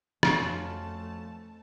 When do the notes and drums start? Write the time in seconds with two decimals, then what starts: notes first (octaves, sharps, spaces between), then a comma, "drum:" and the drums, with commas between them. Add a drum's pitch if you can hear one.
0.23 F2 A3 C#4 F4 F#4 A5, drum: rim click